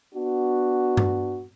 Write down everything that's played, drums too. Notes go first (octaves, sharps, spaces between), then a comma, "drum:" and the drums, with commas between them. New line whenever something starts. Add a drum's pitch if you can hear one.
B3 D4 F#4
drum: tom G2